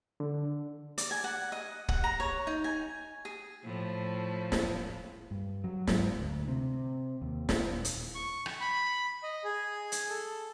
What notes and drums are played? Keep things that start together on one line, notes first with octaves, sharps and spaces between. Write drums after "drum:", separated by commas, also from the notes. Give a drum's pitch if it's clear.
D3
D5, drum: hi-hat
G#5
F#5
D#5
F#5, drum: kick
A#5
C#5
D#4
G#5
G#4
A2 F3
drum: snare
G2
F#3
G#2, drum: snare
D2
C3
D#2
D#1, drum: snare
drum: hi-hat
C#6
drum: rim click
B5
D#5
G#4
drum: hi-hat
A4